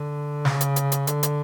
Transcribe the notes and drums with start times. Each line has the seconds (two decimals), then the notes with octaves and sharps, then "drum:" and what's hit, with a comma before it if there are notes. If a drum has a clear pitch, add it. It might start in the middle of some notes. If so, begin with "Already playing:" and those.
Already playing: D3
0.45 C#3, drum: snare
0.61 drum: hi-hat
0.76 drum: hi-hat
0.92 drum: hi-hat
1.07 D3, drum: hi-hat
1.23 drum: hi-hat